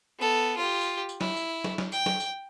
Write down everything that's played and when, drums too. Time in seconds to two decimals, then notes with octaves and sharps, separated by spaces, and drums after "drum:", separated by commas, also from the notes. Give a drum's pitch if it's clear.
0.18 B3 A4
0.57 F4 G4
0.81 drum: tambourine
1.09 drum: tambourine
1.21 E4, drum: snare
1.37 drum: tambourine
1.64 drum: snare
1.78 drum: snare
1.92 G5, drum: tambourine
2.06 drum: snare
2.20 drum: tambourine